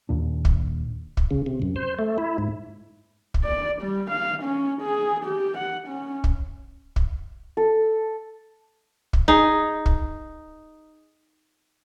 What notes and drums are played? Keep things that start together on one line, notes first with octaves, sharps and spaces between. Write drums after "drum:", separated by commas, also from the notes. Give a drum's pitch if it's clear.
D#2 A#2 D4
drum: kick
drum: kick
C#3
C3
F#2
C5
A3
E4
G#2
drum: kick
D5
G3
F5
C#4
G#4
G4
F#5
C#4
drum: kick
drum: kick
A4
drum: kick
D#4 G#4
drum: kick